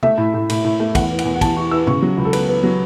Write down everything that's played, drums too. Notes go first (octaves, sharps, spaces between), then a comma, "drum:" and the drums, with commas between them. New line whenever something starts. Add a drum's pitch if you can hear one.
A3 E5, drum: tom
A2
A2
A2, drum: cymbal
A2
A3
E2 F#5, drum: kick, cymbal
E3
F#5, drum: cymbal
E2
F#5
E2 A5, drum: kick, cymbal
E3 C#6
E3 E6
C#3 C#6, drum: tom G#2
F#3
C#2
A4
B3 B4, drum: cymbal
B3
F#3